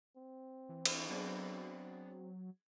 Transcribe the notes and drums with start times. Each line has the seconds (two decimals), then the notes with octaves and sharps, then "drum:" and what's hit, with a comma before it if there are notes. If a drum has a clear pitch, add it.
0.16 C4
0.69 E3
0.86 drum: cymbal
1.09 F#3 B3 D4 G#4